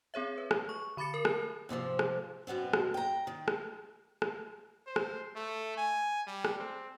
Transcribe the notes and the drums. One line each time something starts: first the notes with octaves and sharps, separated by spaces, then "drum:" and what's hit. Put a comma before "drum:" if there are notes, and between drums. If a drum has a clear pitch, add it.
C4 G#4 C#5 E5
B4
drum: rim click
C#6
D3 B5 D6 A6 C#7
A#4
drum: rim click
G#2 C3 D#3 F3
drum: rim click
F#2 B2 B3 C4
drum: rim click
G5 A#5
D#3
drum: rim click
drum: rim click
C5
drum: rim click
A3
G#5
G3
drum: rim click
C4